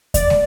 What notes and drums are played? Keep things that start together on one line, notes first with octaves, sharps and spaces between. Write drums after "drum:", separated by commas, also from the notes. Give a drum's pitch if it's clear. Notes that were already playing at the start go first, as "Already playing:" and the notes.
D5, drum: kick E2, hi-hat
drum: snare